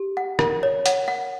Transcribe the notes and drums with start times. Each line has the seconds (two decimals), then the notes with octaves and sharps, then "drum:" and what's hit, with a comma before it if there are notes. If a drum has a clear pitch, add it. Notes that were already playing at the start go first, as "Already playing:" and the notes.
Already playing: G4
0.17 F#5
0.39 A#4, drum: rim click
0.63 C#5
0.86 F#5, drum: hi-hat
1.08 F#5